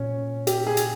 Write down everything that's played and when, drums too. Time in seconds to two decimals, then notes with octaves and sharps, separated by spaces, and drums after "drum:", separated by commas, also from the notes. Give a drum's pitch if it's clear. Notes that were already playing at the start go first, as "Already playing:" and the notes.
Already playing: A#2 C#4
0.47 G4, drum: hi-hat
0.67 G#4
0.77 drum: hi-hat